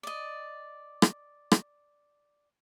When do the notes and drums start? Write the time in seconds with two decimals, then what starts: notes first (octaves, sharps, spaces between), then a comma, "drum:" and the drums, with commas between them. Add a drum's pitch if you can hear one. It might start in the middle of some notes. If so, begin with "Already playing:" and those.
0.03 D5 D#5
1.02 drum: rim click
1.52 drum: rim click